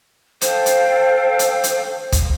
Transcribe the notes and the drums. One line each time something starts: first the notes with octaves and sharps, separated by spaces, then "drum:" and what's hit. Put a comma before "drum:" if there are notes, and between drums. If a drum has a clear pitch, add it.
A4 C5 F5 G5, drum: hi-hat
drum: hi-hat
drum: hi-hat
drum: hi-hat
drum: kick, hi-hat